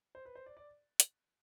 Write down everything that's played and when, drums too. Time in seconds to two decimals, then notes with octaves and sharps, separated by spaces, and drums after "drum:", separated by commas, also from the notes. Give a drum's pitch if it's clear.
0.15 C5
0.25 B4
0.35 C5
0.46 D5
0.57 D5
1.00 drum: hi-hat